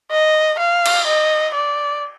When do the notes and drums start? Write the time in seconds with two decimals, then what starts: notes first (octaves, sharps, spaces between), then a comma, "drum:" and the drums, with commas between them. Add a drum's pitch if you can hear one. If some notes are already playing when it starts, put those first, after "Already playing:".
0.11 D#5
0.59 F5
0.86 drum: cymbal
1.07 D#5
1.55 D5